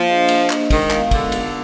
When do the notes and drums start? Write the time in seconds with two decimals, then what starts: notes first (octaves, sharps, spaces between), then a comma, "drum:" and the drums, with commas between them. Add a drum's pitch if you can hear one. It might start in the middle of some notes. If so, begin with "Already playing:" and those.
Already playing: F3 A#3
0.09 D4 G#4 D#5
0.28 A#3, drum: cymbal
0.50 D4 G#4 D#5, drum: clap
0.70 D#3 G#3, drum: kick, cymbal
0.91 B3 F4 A#4 F5, drum: clap
1.11 D3 G#3, drum: kick, cymbal
1.32 B3 F4 A#4 F5, drum: cymbal